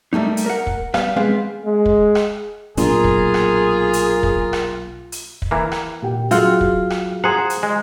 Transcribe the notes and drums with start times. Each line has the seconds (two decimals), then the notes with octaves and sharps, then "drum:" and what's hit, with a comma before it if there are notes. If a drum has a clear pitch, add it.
0.13 G3 A3 A#3 D#4
0.37 drum: hi-hat
0.46 A#4 F#5
0.67 drum: kick
0.94 G3 B3 F5, drum: rim click
1.16 G#3 B3 C4 F5
1.64 G#3
1.85 drum: kick
2.15 drum: rim click
2.77 B1 A#2 D4 F4 G#4 A#4, drum: hi-hat
3.04 drum: kick
3.34 drum: rim click
3.93 drum: hi-hat
4.23 drum: kick
4.53 drum: rim click
5.12 drum: hi-hat
5.42 drum: kick
5.51 E3 A#3
5.72 drum: rim click
6.02 A#2 G4 G5
6.31 F#3 C4 F4 F#4 G#4 F#5, drum: hi-hat
6.61 drum: kick
6.90 drum: rim click
7.24 G#4 C5 F#5 A#5
7.50 drum: hi-hat
7.63 G#3